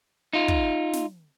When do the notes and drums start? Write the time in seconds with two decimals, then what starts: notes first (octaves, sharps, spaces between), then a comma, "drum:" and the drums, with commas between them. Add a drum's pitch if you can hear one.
0.33 D#4 F4
0.48 drum: kick
0.93 drum: snare